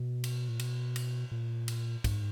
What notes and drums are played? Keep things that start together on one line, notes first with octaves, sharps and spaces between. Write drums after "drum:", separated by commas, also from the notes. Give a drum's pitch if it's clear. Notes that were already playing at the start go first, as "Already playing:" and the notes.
Already playing: B2
drum: cymbal
A#2
B2, drum: cymbal
drum: cymbal
A#2
drum: cymbal
G#2, drum: kick, cymbal